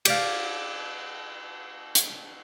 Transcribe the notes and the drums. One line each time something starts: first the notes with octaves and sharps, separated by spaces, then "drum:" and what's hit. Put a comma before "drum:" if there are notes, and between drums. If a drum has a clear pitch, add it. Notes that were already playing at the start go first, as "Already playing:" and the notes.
G4 D5 F5, drum: cymbal
drum: hi-hat